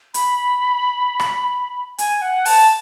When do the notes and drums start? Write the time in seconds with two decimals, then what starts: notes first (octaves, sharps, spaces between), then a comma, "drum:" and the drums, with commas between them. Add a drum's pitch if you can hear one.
0.14 B5, drum: hi-hat
1.20 drum: rim click
1.98 G#5, drum: hi-hat
2.22 F#5
2.45 A5, drum: open hi-hat